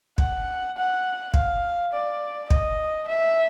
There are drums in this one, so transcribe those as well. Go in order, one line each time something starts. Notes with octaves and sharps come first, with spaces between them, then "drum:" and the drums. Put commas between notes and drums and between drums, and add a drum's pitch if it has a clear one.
F#5, drum: kick
F#5
F5, drum: kick
D5
D#5, drum: kick
E5